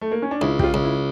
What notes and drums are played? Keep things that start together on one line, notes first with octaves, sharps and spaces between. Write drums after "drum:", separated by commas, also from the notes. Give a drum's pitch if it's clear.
A3
A#3
C#4
D4
C#2 E4
G4, drum: kick
F4
C#2
E4